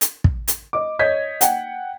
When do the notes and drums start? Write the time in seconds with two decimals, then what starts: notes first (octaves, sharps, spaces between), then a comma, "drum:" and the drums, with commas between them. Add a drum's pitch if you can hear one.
0.01 drum: hi-hat
0.24 drum: kick
0.48 drum: hi-hat
0.73 D#5 D6
0.99 C#5 D#5 G6 G#6 B6
1.41 F#5 G5, drum: hi-hat